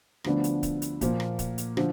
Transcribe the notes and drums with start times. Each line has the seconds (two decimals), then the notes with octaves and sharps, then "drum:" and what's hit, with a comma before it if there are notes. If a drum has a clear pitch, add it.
0.24 D2 D3 F3 B3 D4, drum: rim click
0.44 drum: hi-hat
0.63 drum: kick C#1, hi-hat
0.82 drum: hi-hat
1.01 A#2 F3 A#3, drum: kick C#1, hi-hat
1.20 drum: rim click
1.39 drum: kick C#1, hi-hat
1.58 drum: hi-hat
1.77 D3 F3, drum: rim click